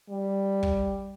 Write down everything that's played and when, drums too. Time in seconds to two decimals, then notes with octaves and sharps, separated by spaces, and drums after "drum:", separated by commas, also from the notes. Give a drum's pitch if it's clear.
0.09 G3
0.63 drum: kick